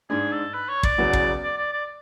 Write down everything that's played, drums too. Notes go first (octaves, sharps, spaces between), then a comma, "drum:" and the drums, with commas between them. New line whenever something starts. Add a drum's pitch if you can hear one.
G#2 G#3 D4 G#4
A4
B4
C#5
D5, drum: kick
E2 C#3 F#3 B3 F#4
drum: kick
D5
D5
D5